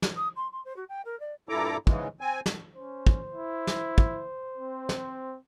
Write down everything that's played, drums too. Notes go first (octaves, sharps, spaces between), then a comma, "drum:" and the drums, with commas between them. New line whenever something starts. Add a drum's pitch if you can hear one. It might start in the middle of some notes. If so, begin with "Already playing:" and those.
drum: snare
D#6
C6
C6
C5
F#4
G5
A#4
D5
G2 A#2 E4 A4 A#5 D6
G#2 C#3 E3 G#3, drum: kick
C4 G#5
drum: snare
C#4 C5
drum: kick
E4
drum: snare
drum: kick
C4
drum: snare